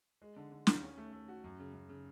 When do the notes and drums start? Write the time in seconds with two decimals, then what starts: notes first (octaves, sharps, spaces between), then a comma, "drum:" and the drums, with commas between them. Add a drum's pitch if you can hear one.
0.22 G#3
0.36 D3
0.52 D3
0.67 D#2, drum: snare
0.83 C#4
0.98 A3
1.13 A3
1.28 F#4
1.44 F#2
1.59 C#3
1.73 F#2
1.89 C#3